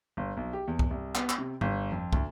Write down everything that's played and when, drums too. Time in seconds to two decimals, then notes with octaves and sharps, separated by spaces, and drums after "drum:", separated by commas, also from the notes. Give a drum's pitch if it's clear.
0.17 G1
0.37 B1
0.53 G4
0.68 E2
0.79 drum: kick
0.91 C2
1.15 B3, drum: clap
1.29 drum: clap
1.38 C3
1.61 G1, drum: tom G2
1.92 F2
2.13 D2, drum: kick